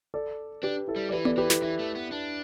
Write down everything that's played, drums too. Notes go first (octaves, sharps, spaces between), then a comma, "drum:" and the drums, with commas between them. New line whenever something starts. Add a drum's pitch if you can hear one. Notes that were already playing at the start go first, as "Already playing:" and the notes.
A4 D5
D4 G4 B4
E4 A4
G3
D5
E3 G4 B4
A4 D5, drum: tom B3
E3 G4 B4
E4 A4, drum: snare
E3 E4
A3
B3
D4